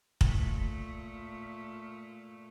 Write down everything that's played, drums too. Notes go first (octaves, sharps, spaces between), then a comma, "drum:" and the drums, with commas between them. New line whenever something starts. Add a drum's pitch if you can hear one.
A#2 A3, drum: kick